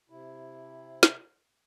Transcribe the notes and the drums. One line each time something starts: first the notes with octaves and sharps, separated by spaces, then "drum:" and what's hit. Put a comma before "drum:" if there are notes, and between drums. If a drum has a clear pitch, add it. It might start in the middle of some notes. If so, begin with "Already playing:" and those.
C3 E4
drum: snare